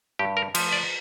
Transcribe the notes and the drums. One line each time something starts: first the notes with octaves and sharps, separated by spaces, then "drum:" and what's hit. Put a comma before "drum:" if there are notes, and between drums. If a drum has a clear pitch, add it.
G2 G4
A#4
F3 A3, drum: cymbal
D5